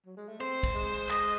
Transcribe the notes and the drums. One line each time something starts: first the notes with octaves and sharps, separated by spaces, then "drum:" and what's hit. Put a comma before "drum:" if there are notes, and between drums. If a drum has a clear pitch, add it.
F#3
G#3
A3
C4 C5
drum: kick, cymbal
G#3
D#5, drum: clap